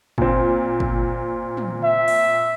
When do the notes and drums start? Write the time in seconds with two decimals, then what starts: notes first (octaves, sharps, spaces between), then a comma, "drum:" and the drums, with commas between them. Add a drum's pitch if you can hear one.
0.18 A#2 C4, drum: kick
0.80 drum: kick
1.57 drum: tom
1.84 E5
2.08 drum: cymbal